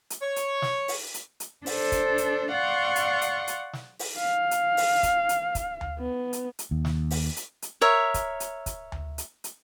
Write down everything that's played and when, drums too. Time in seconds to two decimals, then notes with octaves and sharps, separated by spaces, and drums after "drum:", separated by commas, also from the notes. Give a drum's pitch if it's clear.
0.10 drum: hi-hat
0.22 C#5
0.36 drum: hi-hat
0.62 drum: snare
0.88 drum: open hi-hat
1.14 drum: hi-hat
1.40 drum: hi-hat
1.66 D4 A4 C5, drum: open hi-hat
1.92 drum: kick, hi-hat
2.18 drum: hi-hat
2.52 D5 F5 F#5 C6 C#6
2.96 drum: hi-hat
3.22 drum: hi-hat
3.47 drum: hi-hat
3.73 drum: snare
3.99 drum: open hi-hat
4.18 F5
4.51 drum: hi-hat
4.77 drum: open hi-hat
5.03 drum: kick, hi-hat
5.29 drum: hi-hat
5.55 drum: kick, hi-hat
5.81 drum: tom D2
5.99 B3
6.33 drum: hi-hat
6.59 drum: hi-hat
6.71 D#2
6.85 drum: snare
7.11 drum: open hi-hat
7.36 drum: hi-hat
7.62 drum: hi-hat
7.81 A#4 C#5 E5
8.14 drum: kick, hi-hat
8.40 drum: hi-hat
8.66 drum: kick, hi-hat
8.92 drum: tom D2
9.18 drum: hi-hat
9.44 drum: hi-hat